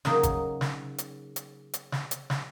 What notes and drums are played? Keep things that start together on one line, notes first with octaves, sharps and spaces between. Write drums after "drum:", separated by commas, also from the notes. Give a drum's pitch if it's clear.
C#3 F#3 A#3 D#4, drum: snare
drum: kick, hi-hat
drum: snare
drum: hi-hat
drum: hi-hat
drum: hi-hat
drum: snare
drum: hi-hat
drum: snare